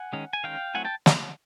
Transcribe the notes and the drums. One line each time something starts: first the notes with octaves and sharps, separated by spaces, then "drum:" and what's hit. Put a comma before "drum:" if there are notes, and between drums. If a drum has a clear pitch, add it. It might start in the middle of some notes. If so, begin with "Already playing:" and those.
Already playing: F#5 G#5
D#3 G#3 C#4
G#5
D#3 G#3 C#4 F5 G5
F#3 A3 C4 E4 F#5 G#5
G5 A5
drum: snare